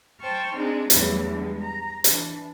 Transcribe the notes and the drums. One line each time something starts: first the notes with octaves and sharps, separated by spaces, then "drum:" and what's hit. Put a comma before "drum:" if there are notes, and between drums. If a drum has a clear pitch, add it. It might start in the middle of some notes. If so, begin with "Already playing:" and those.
C5 G5 A5 C#6 F6
G#3 C4 D4 D#4
E2 C#3 E3 F#3 G3 A3, drum: hi-hat
D3 G3 G#3
A#5
E3 D4, drum: hi-hat